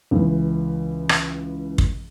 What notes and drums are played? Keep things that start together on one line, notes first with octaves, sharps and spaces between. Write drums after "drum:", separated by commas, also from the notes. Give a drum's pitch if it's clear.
C#2 E3
drum: rim click
drum: kick